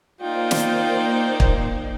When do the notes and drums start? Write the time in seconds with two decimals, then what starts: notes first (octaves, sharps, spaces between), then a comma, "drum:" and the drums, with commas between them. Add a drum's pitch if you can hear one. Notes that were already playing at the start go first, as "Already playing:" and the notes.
0.21 A#3 D#4 F4 C5 D5 G5
0.51 drum: snare
1.40 drum: kick